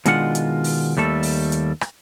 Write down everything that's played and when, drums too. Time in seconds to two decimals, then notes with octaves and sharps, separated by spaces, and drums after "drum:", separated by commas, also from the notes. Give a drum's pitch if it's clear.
0.06 B2 D#3 G#3 D4 F4 F#5, drum: hi-hat
0.35 drum: hi-hat
0.64 drum: open hi-hat
0.97 D#2 G3 A3 A4
1.23 drum: open hi-hat
1.52 drum: hi-hat
1.81 drum: rim click